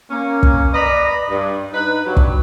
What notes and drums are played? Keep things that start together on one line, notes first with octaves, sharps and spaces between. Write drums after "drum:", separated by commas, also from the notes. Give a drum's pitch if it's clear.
A#3 C#4
drum: kick
B4 D5 D#5 A#5 B5
G2
D#4 B4
G2 F#3
drum: kick